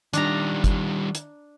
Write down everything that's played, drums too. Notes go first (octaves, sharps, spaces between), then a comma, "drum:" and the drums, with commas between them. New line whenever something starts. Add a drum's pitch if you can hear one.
D#3 G3 D4 A#5, drum: hi-hat
drum: kick, hi-hat
drum: hi-hat